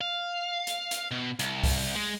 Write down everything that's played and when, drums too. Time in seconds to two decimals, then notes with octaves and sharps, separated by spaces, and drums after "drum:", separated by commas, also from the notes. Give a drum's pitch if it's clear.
0.01 F5
0.67 drum: hi-hat
0.91 drum: hi-hat
1.11 B2
1.39 C2, drum: hi-hat
1.63 drum: kick C2, open hi-hat
1.95 G#3